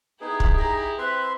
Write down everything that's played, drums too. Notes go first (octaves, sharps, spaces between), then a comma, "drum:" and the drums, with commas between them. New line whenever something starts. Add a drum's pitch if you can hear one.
B3 D#4 E4 G4 G#4
drum: kick
G#4 A#5
C4 B4 E5 C6